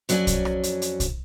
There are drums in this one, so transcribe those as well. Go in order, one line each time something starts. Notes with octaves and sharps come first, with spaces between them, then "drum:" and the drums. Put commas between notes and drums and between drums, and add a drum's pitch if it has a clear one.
F2 F#3 C#4 G#4 D5 G#5, drum: hi-hat
drum: kick, hi-hat
drum: rim click
drum: hi-hat
drum: hi-hat
drum: kick, hi-hat